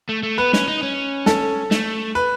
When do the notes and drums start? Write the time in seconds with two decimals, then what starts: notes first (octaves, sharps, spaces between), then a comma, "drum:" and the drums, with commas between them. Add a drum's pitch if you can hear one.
0.09 A3
0.23 A3
0.38 B3 B4
0.53 C#4, drum: snare
0.68 D#4
0.83 C#4
1.26 A4, drum: snare
1.71 A3, drum: snare
2.15 B4